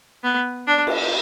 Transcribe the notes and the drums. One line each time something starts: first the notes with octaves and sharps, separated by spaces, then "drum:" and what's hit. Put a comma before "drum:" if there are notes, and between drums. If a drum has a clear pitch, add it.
B3
D4
drum: cymbal